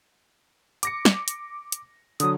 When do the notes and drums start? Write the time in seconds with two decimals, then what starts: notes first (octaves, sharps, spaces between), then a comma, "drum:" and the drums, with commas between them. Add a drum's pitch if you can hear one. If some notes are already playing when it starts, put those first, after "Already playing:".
0.83 D6 A#6 C#7, drum: hi-hat
1.05 drum: snare
1.28 drum: hi-hat
1.72 drum: hi-hat
2.20 D3 F#3 D#6, drum: hi-hat